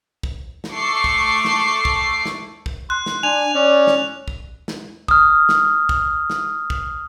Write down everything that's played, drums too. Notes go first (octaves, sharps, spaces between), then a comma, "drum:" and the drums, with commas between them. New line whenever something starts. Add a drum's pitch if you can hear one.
drum: kick
drum: snare
A3 A4 C#6 D6 C7
drum: kick
drum: snare
drum: kick
drum: snare
drum: kick
C6 F#6
drum: snare
D4 G#5 F7
C#4 D5
drum: snare
drum: kick
drum: snare
D#6 F6, drum: kick
drum: snare
drum: kick
drum: snare
drum: kick